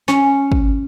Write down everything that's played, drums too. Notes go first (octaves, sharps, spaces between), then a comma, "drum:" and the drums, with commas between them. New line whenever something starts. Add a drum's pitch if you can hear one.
C#4, drum: snare
drum: kick